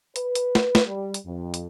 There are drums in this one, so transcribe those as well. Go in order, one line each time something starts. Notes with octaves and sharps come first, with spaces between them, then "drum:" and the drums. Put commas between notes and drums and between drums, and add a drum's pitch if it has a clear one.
B4, drum: hi-hat
drum: hi-hat
drum: snare
drum: snare
G3
drum: hi-hat
F2
drum: hi-hat